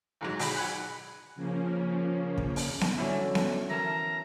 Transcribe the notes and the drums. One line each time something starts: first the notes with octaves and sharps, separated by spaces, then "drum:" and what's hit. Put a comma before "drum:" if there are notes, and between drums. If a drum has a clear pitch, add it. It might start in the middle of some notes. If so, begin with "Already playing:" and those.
A1 G#2 F#3
B1 F#4 G#4 B5, drum: open hi-hat
F#5 G#5 B5 F#6
C#3 F3 A#3 C#4
drum: kick
drum: open hi-hat
drum: snare B3
D3 F#3 G3 C#4 E4
drum: snare B3
E3 A#4 A5 A#5